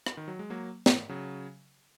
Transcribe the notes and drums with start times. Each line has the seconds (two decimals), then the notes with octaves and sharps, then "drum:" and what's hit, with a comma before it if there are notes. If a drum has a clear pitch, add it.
0.06 drum: rim click
0.17 D#3
0.28 F#3
0.39 G#3
0.50 F#3 A#3
0.86 drum: snare
1.09 C#3 F#3